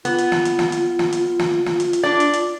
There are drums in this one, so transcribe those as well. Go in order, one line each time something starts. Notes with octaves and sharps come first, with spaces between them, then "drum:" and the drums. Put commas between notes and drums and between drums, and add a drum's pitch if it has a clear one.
B3 F4, drum: hi-hat
drum: hi-hat
drum: snare
drum: hi-hat
drum: snare
drum: hi-hat
drum: snare
drum: hi-hat
drum: snare
drum: snare
drum: hi-hat
drum: hi-hat
D4 D5
drum: hi-hat
drum: hi-hat